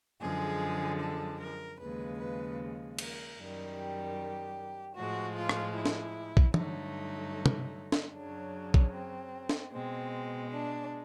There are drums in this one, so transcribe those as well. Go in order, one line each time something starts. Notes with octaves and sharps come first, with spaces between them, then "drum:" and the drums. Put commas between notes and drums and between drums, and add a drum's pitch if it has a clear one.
F#2 D3 F3 G#3 G#4
A4
A#4
D#2 C#3 F3 G#3 B4
B4
A#4, drum: cymbal
F#2 D#3 G3
G4
A2 F3 G#3 F#4
F4
drum: rim click
E4
drum: snare
drum: kick A#1
G2 D3 F#3 A3 D#4, drum: tom
drum: tom
drum: snare
F#2 C#3 F#3 D4
drum: kick A#1
C4
drum: snare
B2 G#3 C4
D4